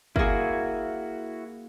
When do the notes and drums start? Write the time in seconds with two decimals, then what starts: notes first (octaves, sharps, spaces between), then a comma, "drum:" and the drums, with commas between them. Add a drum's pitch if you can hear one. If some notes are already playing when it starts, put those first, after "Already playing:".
0.16 A#3 E4 F#4 G#4, drum: kick